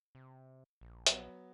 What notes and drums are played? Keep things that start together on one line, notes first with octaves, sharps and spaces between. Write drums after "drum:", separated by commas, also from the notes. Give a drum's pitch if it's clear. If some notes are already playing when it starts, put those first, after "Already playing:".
C3
A#1
F#3 B3, drum: hi-hat